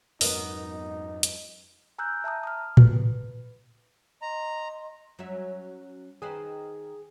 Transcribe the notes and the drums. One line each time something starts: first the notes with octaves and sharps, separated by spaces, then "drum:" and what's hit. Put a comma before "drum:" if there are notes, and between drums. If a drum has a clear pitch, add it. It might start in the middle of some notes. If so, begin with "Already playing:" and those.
F2 G#2 F#3 B3 D#4 A#4 D#5, drum: open hi-hat
drum: hi-hat
G#5 A#5 E6 F#6 G6
E5 A5 A#5 D#6
D#6 F6
B4, drum: tom A2
D#5 A#5 C6
F#3 C#4 E5
D#3 G#4 B4 C5